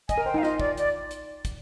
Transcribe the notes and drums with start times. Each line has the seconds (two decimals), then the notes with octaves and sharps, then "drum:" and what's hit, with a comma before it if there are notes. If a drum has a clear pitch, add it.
0.09 D#5 G#5, drum: kick, hi-hat
0.18 A#4
0.25 C5 G5
0.34 D#4
0.38 F5
0.43 F4 D#5, drum: snare
0.60 D5, drum: kick
0.78 D5, drum: hi-hat
1.11 drum: hi-hat
1.45 drum: kick, hi-hat